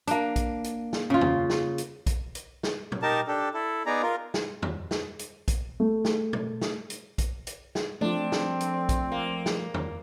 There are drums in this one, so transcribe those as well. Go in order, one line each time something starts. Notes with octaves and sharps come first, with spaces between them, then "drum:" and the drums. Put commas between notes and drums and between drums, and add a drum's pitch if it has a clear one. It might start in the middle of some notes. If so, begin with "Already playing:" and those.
A#3 D4, drum: hi-hat
drum: kick, hi-hat
drum: hi-hat
drum: snare
C#3 F4
drum: tom E2
drum: snare
drum: hi-hat
drum: kick, hi-hat
drum: hi-hat
drum: snare
drum: tom
D#4 G4 A#4 A5
D4 G4 A4
E4 A4
B3 D#4 G#4 D5 A#5
F4 A#4
drum: snare
drum: tom E2
drum: snare
drum: hi-hat
drum: kick, hi-hat
A3
drum: snare
drum: tom
drum: snare
drum: hi-hat
drum: kick, hi-hat
drum: hi-hat
drum: snare
F3 A3 C4 D4, drum: tom E3
drum: snare
drum: hi-hat
drum: kick, hi-hat
A#3
drum: snare
drum: tom E2